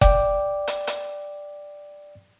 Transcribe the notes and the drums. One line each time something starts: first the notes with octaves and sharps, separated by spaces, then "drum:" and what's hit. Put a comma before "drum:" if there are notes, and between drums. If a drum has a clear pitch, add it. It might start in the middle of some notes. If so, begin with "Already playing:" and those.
D5 G5 D6, drum: kick F1
drum: hi-hat
drum: hi-hat